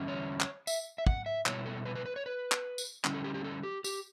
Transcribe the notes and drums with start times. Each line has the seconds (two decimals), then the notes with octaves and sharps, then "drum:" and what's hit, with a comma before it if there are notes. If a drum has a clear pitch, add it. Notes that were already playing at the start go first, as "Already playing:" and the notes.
Already playing: E2 D3 G3 C#4 E4
0.08 C#5
0.40 drum: clap
0.67 E5, drum: tambourine
0.98 E5
1.07 F#5, drum: kick
1.26 E5
1.46 B2 G3 B3 E4 C#5, drum: clap
1.66 A4
1.85 B4
1.95 B4
2.06 B4
2.16 C#5
2.26 B4
2.52 drum: clap
2.78 drum: tambourine
3.05 D3 G3 C#4 E4, drum: clap
3.14 A4
3.24 G4
3.34 G4
3.44 A4
3.63 G4
3.84 G4, drum: tambourine